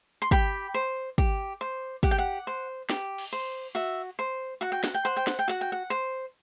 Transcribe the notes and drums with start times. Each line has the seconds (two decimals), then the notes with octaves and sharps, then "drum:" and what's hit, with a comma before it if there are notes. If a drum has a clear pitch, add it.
0.22 C6
0.31 G4 G5 B5, drum: kick
0.74 C5
1.18 G4, drum: kick
1.61 C5
2.03 G4 F#5, drum: kick
2.11 G5
2.18 F#5
2.47 C5
2.89 G4, drum: snare
3.18 drum: cymbal
3.33 C5
3.75 F#4 E5
4.19 C5
4.61 F#4 F#5
4.72 G5
4.84 F#5, drum: snare
4.94 G5
5.05 C5 F#5
5.17 G5
5.27 F#5, drum: snare
5.39 G5
5.48 F#4 F#5
5.61 G5
5.72 F#5
5.90 C5